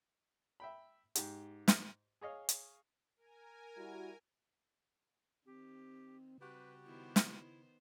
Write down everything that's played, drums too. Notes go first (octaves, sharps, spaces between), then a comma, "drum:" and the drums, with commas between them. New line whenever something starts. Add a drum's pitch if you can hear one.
E5 G5 B5
G#2 G4, drum: hi-hat
drum: snare
G#4 C#5 D#5 F5
drum: hi-hat
A#4 G#5
G3 E4 F#4
D#3 C4 G4
C#3 G3 C4 F#4 G4 B4
D#3 B3 E4 C5
drum: snare